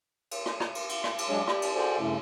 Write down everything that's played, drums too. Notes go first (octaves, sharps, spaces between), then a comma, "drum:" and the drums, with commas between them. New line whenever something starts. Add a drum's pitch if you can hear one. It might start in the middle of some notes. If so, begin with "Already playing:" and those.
drum: cymbal
drum: rim click
drum: rim click
drum: cymbal
drum: cymbal
drum: rim click
drum: cymbal
F#3 G#3 D4 G#4 C#5
G4 D5, drum: rim click
drum: cymbal
F#4 G#4 A4 C5 D5 G#5
G2 C#3 A3 C#4 E4